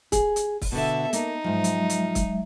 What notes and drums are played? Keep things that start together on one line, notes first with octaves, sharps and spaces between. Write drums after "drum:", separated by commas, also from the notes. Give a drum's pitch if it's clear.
G#4, drum: kick, hi-hat
drum: hi-hat
drum: kick, open hi-hat
B2 D3 A4 E5
A#3 D#4, drum: hi-hat
G#2 F3 F#3 G#3 E5
drum: hi-hat
drum: hi-hat
drum: kick, hi-hat